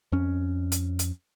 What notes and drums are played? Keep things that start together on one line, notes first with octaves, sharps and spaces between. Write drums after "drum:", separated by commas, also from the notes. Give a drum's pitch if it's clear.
F2 C#4
drum: hi-hat
drum: hi-hat